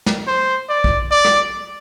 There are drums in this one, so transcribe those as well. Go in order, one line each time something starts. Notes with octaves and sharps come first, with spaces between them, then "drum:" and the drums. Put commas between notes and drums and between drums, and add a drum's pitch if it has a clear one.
drum: snare
C5
D5
drum: kick A#1
D5
drum: rim click